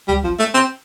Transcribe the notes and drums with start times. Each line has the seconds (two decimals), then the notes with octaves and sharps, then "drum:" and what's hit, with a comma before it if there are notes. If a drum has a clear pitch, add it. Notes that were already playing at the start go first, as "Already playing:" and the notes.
0.08 G3, drum: tom
0.24 F3
0.39 A3
0.54 C4